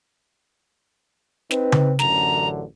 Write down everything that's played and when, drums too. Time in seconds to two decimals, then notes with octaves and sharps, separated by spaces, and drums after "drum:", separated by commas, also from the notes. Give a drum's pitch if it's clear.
1.51 C4 D#4 B4, drum: snare
1.72 drum: tom C#3
1.99 A1 F#2 D3 A#5, drum: snare